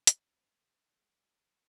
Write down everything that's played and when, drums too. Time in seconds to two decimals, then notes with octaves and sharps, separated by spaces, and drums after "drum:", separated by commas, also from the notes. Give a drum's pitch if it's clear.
0.07 drum: hi-hat
0.20 C#4
0.33 C4
0.46 B3
0.60 A3
0.99 G#3
1.18 G3
1.39 F#3